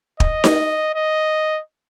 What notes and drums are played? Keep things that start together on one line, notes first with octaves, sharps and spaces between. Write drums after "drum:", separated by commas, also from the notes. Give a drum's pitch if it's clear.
D#5, drum: kick
drum: snare D#4
D#5